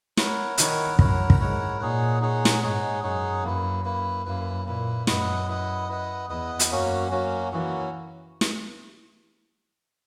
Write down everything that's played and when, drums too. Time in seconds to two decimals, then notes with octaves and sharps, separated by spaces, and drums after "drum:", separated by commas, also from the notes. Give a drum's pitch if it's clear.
0.17 E4 A#4 C#5 F#5, drum: snare
0.58 D#3 E4 A#4 C#5 F#5, drum: hi-hat
0.99 F#2 E4 A#4 C#5 F#5, drum: kick
1.30 drum: kick
1.39 G#2 E4 A#4 C#5 F#5
1.80 A#2 D#4 G#4 C#5 F#5
2.21 D#4 G#4 C#5 F#5
2.45 drum: snare
2.62 G#2 D#4 G#4 C#5 F#5
3.03 F#2 D#4 G#4 C#5 F#5
3.43 F#2 A#3 E4 B4
3.84 A#3 E4 B4
4.25 F#2 A#3 E4 B4
4.66 A#2 A#3 E4 B4
5.07 F#2 E4 B4 D#5 F#5, drum: snare
5.48 E4 B4 D#5 F#5
5.89 E4 B4 D#5 F#5
6.29 E2 E4 B4 D#5 F#5
6.59 drum: hi-hat
6.71 F#2 F#3 A#3 C#4 F#4
7.11 F#3 A#3 C#4 F#4
7.52 E3 F#3 A#3 C#4 F#4
8.41 drum: snare